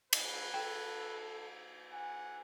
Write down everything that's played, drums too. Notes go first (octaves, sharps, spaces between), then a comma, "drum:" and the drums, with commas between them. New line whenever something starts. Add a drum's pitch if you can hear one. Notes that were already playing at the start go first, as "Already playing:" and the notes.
B4, drum: cymbal
A4 G5
F#5 G#5